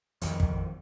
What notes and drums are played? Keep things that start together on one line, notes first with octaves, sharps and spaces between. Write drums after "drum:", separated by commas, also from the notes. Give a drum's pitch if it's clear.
F2 D#3, drum: hi-hat
drum: kick